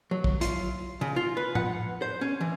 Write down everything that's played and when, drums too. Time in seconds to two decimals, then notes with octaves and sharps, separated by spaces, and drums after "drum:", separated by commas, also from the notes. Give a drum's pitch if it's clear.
0.11 F#3
0.24 drum: kick
0.41 F4, drum: hi-hat
1.01 C#3
1.16 F4
1.37 B4
1.55 F#5, drum: tom A2
2.02 C5
2.21 C#4
2.41 E3